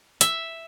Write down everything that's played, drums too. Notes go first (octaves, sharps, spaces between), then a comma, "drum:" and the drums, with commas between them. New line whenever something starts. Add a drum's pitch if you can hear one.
E5, drum: hi-hat